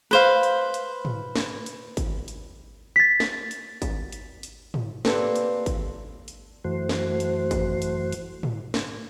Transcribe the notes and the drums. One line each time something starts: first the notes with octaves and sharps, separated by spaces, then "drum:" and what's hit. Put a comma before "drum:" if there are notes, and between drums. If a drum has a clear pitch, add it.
B4 C5 F5
drum: hi-hat
drum: hi-hat
drum: tom
drum: snare
drum: hi-hat
drum: kick G#1, hi-hat
drum: hi-hat
A6 B6
drum: snare
drum: hi-hat
drum: kick G#1, hi-hat
drum: hi-hat
drum: hi-hat
drum: tom
A#3 C4 G4 A4 B4 D5, drum: snare
drum: hi-hat
drum: kick G#1, hi-hat
drum: hi-hat
F#2 E3 A3 F#4 C5
drum: snare
drum: hi-hat
drum: kick G#1, hi-hat
drum: hi-hat
drum: hi-hat
drum: tom
drum: snare